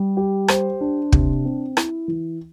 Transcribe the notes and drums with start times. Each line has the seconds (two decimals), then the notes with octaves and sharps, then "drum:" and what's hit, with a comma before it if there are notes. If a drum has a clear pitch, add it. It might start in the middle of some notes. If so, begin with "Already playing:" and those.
Already playing: G3
0.17 G4
0.48 C5, drum: rim click
0.81 D4
1.12 C3, drum: kick
1.45 C4
1.77 E4, drum: rim click
2.08 E3